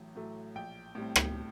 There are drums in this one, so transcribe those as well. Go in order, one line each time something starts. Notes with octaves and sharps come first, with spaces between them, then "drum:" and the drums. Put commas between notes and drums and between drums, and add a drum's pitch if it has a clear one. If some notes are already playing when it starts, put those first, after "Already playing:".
Already playing: A1 A2 F#3
A2 F#3 A3
A#1 G5
A2 G3 C4
drum: rim click